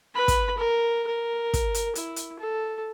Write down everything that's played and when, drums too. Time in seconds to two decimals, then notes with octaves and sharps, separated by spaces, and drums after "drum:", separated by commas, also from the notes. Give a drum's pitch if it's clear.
0.14 B4 B5
0.28 drum: kick, hi-hat
0.57 A#4
1.07 A#4
1.54 drum: kick, hi-hat
1.74 drum: hi-hat
1.95 E4, drum: hi-hat
2.16 drum: hi-hat
2.39 A4